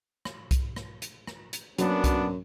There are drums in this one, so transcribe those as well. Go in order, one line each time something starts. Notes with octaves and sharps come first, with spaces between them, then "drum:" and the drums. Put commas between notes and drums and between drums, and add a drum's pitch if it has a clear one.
drum: rim click
drum: kick C2, hi-hat
drum: rim click
drum: hi-hat
drum: rim click
drum: hi-hat
F#2 F#3 A#3 B3 C#4 D4, drum: hi-hat
drum: kick C2, hi-hat